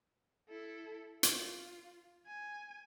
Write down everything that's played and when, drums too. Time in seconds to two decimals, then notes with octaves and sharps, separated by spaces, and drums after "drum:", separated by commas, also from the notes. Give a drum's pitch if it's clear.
0.49 E4 A4
1.23 F4, drum: hi-hat
2.27 G#5